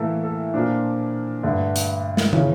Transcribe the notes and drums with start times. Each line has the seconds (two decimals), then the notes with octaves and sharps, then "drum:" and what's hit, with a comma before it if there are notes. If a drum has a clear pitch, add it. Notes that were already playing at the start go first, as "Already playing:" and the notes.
Already playing: A2 E3 A#3 E4 A4
0.23 A4
0.54 A#2 F3 A#3 D4
1.43 G2 D3 A3
1.76 drum: hi-hat
2.17 drum: snare
2.33 C#3 E3 A#3 C#4, drum: tom